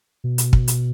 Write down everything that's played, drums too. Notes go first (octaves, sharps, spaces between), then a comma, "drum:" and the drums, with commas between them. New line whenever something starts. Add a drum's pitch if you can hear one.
B2
drum: hi-hat
drum: kick
drum: hi-hat